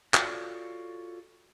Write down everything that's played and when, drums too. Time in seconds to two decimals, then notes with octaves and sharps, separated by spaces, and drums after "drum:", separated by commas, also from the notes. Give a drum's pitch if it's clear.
0.14 F4 F#4 A4 C#5 D5, drum: clap